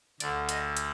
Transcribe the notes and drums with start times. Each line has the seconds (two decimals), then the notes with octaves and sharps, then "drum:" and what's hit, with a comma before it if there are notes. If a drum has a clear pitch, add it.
0.20 D2 D3 D5, drum: hi-hat
0.49 D#5, drum: hi-hat
0.77 drum: hi-hat